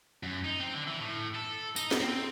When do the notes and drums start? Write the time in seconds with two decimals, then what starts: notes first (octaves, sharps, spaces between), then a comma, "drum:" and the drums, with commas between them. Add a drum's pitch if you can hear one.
0.23 F#2
0.44 D#4
0.60 C4
0.73 D3
0.87 E3
1.00 A2
1.35 A4
1.76 D#4, drum: tambourine
1.91 drum: snare
2.00 C4